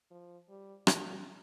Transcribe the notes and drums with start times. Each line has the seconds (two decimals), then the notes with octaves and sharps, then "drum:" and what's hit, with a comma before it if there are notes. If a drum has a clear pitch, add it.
0.11 F3
0.49 G3
0.87 A#2, drum: rim click